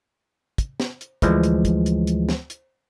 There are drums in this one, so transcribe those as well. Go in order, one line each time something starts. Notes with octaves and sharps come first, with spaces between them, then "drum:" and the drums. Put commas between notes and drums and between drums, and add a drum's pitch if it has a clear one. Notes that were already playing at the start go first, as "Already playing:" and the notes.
drum: kick, hi-hat
drum: snare
drum: hi-hat
D2 E3 F3 G#3, drum: kick, hi-hat
drum: hi-hat
drum: kick, hi-hat
drum: hi-hat
drum: hi-hat
drum: snare
drum: hi-hat